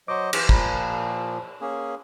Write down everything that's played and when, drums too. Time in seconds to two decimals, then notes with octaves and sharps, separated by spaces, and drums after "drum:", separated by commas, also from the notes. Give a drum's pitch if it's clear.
0.08 F#3 C5 D#5 C#6 D6
0.33 E3 C5, drum: cymbal
0.49 A#2 F3 C5 A#5 B5, drum: kick
1.61 A#3 C#4 G#4